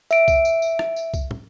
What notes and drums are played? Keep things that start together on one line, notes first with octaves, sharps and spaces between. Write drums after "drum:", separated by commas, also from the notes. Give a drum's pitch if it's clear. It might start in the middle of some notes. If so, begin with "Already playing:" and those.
E5 D7, drum: tambourine
drum: kick C2, tambourine
drum: tambourine
drum: tambourine
drum: rim click
drum: tambourine
drum: kick C2, tambourine
drum: tom